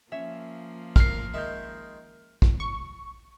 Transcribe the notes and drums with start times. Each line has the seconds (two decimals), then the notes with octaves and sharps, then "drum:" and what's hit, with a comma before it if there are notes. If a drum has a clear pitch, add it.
0.12 F3 A#3 C#4 E5
0.96 A#4 F5 F6 C7, drum: kick
1.34 D#3 G#3 E5 G6
2.42 drum: kick
2.60 C#6